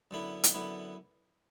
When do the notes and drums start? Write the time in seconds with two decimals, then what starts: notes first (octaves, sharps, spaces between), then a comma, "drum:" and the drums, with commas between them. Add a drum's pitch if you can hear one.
0.11 F#2 D3 B3 E4
0.44 drum: hi-hat
0.54 F#2 D3 B3 E4